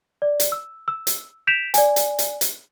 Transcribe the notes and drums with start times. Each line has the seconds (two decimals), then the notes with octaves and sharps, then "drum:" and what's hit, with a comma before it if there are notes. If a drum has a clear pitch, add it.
0.22 D5
0.40 drum: hi-hat
0.52 E6
0.88 E6
1.07 drum: hi-hat
1.47 G6 B6 D7 E7 F7
1.74 D5 G#5, drum: hi-hat
1.96 drum: hi-hat
2.19 drum: hi-hat
2.41 drum: hi-hat